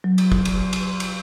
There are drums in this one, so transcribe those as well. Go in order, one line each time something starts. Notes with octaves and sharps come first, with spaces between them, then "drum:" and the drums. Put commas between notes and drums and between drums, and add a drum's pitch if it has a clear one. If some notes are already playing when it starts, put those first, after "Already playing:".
F#3
drum: cymbal
drum: kick
drum: cymbal
drum: cymbal
drum: cymbal